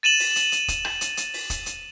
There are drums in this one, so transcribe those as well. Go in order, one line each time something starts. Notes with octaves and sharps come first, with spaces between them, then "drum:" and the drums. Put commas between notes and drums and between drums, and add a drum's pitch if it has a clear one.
A6 D#7 E7 F#7
drum: open hi-hat
drum: hi-hat
drum: hi-hat
drum: kick, hi-hat
drum: rim click
drum: hi-hat
drum: hi-hat
drum: open hi-hat
drum: kick, hi-hat
drum: hi-hat